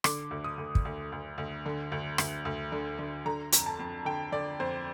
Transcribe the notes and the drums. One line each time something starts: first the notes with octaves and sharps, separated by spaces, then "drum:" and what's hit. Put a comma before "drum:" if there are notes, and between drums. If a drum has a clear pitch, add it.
D3 D6, drum: rim click
D2
D#6
D2
drum: kick
D2
D2
D2
D3
D2
D2, drum: rim click
D2
D3
D3
D3 A#5
F2, drum: hi-hat
A5
F2
D3 G5
D3 D5
F2 C5